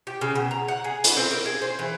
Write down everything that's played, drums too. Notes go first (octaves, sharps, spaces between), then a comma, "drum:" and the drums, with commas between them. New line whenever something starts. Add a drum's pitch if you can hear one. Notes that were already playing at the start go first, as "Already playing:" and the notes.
G4
C#3
B2
A#5
F#5
G#4
B4, drum: hi-hat
C4
A#4
G#4
C5
E3